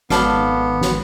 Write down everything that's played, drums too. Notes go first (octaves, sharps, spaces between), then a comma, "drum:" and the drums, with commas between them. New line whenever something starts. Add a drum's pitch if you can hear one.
G#1 B3 A4 D5 F5, drum: snare
drum: snare